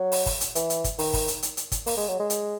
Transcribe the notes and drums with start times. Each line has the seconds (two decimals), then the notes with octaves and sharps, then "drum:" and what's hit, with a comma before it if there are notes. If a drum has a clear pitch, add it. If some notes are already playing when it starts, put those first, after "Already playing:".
Already playing: F#3
0.12 drum: open hi-hat
0.26 drum: kick, open hi-hat
0.41 drum: hi-hat
0.55 E3, drum: hi-hat
0.70 drum: hi-hat
0.84 drum: kick, hi-hat
0.99 D#3, drum: open hi-hat
1.13 drum: kick, open hi-hat
1.28 drum: hi-hat
1.43 drum: hi-hat
1.57 drum: hi-hat
1.72 drum: kick, hi-hat
1.87 A#3, drum: open hi-hat
1.97 G#3
2.08 F#3
2.20 G#3
2.30 drum: hi-hat